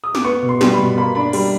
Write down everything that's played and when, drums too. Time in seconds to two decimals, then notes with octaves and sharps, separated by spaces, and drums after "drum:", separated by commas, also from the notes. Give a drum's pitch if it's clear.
0.04 D#6
0.15 D6, drum: snare
0.25 B3 C#6
0.42 B2
0.49 C6
0.61 G3, drum: snare
0.73 B5
0.79 B2
0.97 A#3 B5
1.15 D4 B5
1.33 G3 B5, drum: cymbal